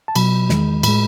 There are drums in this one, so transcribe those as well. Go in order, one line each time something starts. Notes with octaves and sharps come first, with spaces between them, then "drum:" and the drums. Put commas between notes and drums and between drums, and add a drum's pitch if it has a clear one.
A5
B2 F#3 B5, drum: cymbal
E2 D#3 G#3, drum: snare
A2 G#3 B5, drum: cymbal